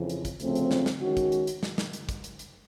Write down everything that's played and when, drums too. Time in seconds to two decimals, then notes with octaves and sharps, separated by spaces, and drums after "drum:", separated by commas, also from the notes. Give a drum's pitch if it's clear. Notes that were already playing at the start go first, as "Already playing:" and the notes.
Already playing: F2 C#3 E3
0.09 drum: hi-hat
0.25 drum: kick, hi-hat
0.40 D2 C#3 F3 A3 C4, drum: hi-hat
0.55 drum: hi-hat
0.71 drum: snare
0.86 drum: snare
1.02 D#3 G#3 C#4 F#4
1.17 drum: kick, hi-hat
1.32 drum: hi-hat
1.47 drum: hi-hat
1.63 drum: snare
1.78 drum: snare
1.93 drum: hi-hat
2.09 drum: kick, hi-hat
2.24 drum: hi-hat
2.39 drum: hi-hat